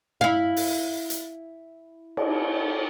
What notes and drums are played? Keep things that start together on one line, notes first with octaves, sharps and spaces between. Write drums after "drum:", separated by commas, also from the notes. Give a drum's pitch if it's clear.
E4 F5, drum: tom G2
drum: open hi-hat
drum: hi-hat
drum: cymbal